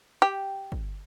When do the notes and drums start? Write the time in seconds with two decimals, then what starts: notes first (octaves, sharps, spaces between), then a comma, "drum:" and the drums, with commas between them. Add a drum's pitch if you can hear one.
0.22 G4
0.72 drum: kick